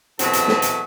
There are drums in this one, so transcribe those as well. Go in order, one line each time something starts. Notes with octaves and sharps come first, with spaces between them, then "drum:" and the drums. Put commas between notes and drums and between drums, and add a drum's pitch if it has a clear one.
B2 E3 F#3 C4 G#4 A4, drum: hi-hat
drum: hi-hat
drum: snare
drum: hi-hat